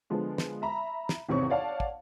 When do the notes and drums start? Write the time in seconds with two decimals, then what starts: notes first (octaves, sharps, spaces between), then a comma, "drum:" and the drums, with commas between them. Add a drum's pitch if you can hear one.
0.10 D3 F3 G#3 B3
0.38 drum: snare
0.62 E5 A#5 B5
1.09 drum: snare
1.29 G#1 E2 C3 C4 C#5 C#6
1.50 C#5 D5 F5 F#5 A5
1.80 drum: kick